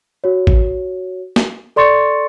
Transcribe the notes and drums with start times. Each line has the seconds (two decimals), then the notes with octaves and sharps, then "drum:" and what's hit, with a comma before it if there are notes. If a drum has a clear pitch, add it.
0.24 F#4 C#5
0.47 drum: kick A1
1.36 drum: snare
1.76 A4 D5 C6 C#6 A6 C#7